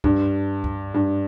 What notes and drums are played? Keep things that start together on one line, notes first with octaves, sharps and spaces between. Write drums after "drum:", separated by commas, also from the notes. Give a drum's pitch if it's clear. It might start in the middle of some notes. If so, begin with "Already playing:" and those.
G2, drum: kick C#2
drum: kick C#2
G2